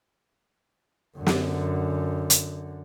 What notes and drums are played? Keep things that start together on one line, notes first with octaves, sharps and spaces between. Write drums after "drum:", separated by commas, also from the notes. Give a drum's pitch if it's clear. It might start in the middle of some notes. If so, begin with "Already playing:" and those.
F#2 D3
drum: snare
drum: hi-hat